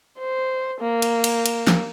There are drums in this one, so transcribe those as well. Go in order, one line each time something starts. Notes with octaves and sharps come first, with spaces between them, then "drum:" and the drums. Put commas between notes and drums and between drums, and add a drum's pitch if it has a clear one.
C5
A#3
drum: cymbal
drum: cymbal
drum: cymbal
drum: snare